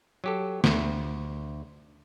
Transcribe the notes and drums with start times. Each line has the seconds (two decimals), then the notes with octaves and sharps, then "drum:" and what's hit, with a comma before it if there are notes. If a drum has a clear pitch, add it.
0.24 F#3 G4 A4
0.64 D2, drum: snare